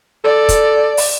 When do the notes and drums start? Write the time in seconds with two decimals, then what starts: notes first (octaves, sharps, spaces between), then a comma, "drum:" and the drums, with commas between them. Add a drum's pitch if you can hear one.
0.24 A4 D5
0.49 drum: kick, hi-hat
0.97 drum: open hi-hat